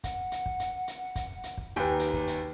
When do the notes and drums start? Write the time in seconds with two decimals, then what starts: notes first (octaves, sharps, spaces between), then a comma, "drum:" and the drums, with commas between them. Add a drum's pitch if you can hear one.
0.04 F#5, drum: kick, hi-hat
0.32 drum: hi-hat
0.46 drum: kick
0.60 drum: hi-hat
0.88 drum: hi-hat
1.16 drum: kick, hi-hat
1.43 drum: hi-hat
1.57 drum: kick
1.76 D#2 D#4 G4 B4 G5 G#5
1.99 drum: hi-hat
2.13 drum: kick
2.27 drum: hi-hat